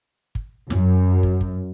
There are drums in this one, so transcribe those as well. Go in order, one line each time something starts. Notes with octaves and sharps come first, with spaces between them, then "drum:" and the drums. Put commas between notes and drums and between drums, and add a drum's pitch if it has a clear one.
drum: kick
F#2, drum: snare
drum: kick
drum: kick